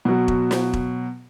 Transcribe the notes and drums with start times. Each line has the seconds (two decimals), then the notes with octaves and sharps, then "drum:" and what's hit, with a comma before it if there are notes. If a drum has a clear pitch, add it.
0.05 B2 F#3
0.28 drum: kick E1
0.51 drum: snare
0.73 drum: kick E1